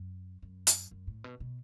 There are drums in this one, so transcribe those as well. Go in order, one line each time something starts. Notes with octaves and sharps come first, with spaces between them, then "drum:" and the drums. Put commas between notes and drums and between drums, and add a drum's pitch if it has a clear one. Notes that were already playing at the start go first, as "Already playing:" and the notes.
Already playing: F#2
F#2
drum: hi-hat
F#2
A2
B2
B2